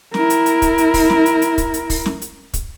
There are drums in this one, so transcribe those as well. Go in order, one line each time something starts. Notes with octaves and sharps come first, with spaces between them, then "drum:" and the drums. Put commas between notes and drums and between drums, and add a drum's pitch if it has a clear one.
E4 A#4, drum: snare
drum: hi-hat
drum: hi-hat
drum: kick, hi-hat
drum: hi-hat
drum: kick, open hi-hat
drum: snare
drum: hi-hat
drum: hi-hat
drum: kick, hi-hat
drum: hi-hat
drum: kick, open hi-hat
drum: snare
drum: hi-hat
drum: kick, hi-hat